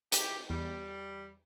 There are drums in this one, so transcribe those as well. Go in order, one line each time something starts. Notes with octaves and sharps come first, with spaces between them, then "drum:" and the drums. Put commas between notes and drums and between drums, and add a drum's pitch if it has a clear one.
G4, drum: hi-hat
E2 G3